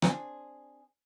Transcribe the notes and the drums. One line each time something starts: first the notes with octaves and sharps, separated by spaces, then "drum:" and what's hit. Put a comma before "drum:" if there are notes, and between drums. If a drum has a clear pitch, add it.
C4 D4 G#4, drum: rim click